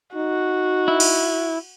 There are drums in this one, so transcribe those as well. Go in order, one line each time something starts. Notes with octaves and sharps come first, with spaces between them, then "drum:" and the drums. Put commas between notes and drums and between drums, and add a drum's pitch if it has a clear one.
D#4 F#4
E4
drum: cymbal